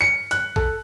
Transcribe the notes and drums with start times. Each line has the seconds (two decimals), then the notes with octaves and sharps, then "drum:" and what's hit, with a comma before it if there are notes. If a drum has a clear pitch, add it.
0.01 C#7
0.31 F#6, drum: hi-hat
0.56 A4, drum: kick